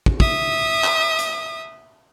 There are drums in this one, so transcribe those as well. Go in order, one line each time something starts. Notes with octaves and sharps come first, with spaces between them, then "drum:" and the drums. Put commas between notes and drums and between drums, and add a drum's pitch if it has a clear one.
drum: kick
E5 D#6, drum: kick
drum: clap
drum: hi-hat